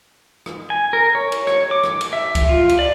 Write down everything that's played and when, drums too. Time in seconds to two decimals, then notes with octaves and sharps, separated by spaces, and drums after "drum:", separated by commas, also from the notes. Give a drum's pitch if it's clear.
0.46 drum: rim click
0.70 G#5
0.93 A#4
1.15 C#5
1.32 drum: cymbal
1.47 C#5, drum: rim click
1.71 D6
1.84 drum: rim click
2.01 drum: cymbal
2.13 E5
2.35 drum: kick C#2, cymbal
2.49 F4
2.69 drum: cymbal
2.79 D5